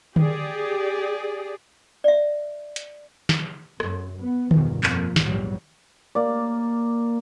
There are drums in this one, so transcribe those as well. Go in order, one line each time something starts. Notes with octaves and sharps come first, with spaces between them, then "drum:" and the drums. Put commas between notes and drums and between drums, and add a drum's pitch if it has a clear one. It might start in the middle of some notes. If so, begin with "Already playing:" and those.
G4 G#4 D5, drum: tom D3
D5 E5
drum: hi-hat
drum: snare
F#2, drum: rim click
B3
E2 G2 B2 D#3 F3, drum: tom D3
F2 F3 A#3, drum: clap
A#1 E2 G#2 F#3 G3, drum: snare
A#3 D5